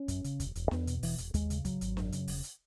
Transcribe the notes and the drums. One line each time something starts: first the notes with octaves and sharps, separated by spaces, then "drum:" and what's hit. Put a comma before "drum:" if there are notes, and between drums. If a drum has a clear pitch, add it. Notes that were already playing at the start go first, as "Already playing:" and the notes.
Already playing: C#4
F#2, drum: kick, hi-hat
C#3, drum: hi-hat
E1, drum: kick, hi-hat
E1, drum: hi-hat
E2 B3, drum: snare D4
B2, drum: hi-hat
E1 E3, drum: open hi-hat
E1, drum: hi-hat
D#2 G#3, drum: kick, hi-hat
C#3, drum: hi-hat
G#1 F#3, drum: kick, hi-hat
G#1, drum: hi-hat
F#2, drum: snare D4
C#3, drum: hi-hat
E1, drum: open hi-hat
drum: hi-hat